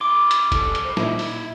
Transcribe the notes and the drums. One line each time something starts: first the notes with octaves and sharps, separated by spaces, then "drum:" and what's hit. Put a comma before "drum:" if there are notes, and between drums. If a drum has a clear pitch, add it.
E4 C6 D6
drum: hi-hat
G3 A4, drum: kick, hi-hat
drum: hi-hat
A#4 C5
A#2 D#4 E4 E5, drum: snare
drum: open hi-hat